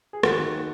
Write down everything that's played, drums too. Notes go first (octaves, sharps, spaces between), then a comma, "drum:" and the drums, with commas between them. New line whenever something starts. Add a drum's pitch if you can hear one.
G#4
D#2 F#4, drum: rim click
D#3